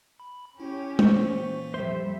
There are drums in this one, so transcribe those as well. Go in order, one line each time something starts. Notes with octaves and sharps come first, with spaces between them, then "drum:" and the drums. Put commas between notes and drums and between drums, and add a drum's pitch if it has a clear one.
B5
C#4 E4 G4
A#2 E3 A#3 C5 C#6, drum: tom G#3
F2 G3 C5 E5